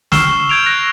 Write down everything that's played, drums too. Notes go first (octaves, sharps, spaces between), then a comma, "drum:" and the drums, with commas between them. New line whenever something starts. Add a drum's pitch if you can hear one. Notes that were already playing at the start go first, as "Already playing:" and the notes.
C#6 E6 F6 C7 E7 G7, drum: snare
F6 G6 G#6 D7 F7
F#6 A#6 D7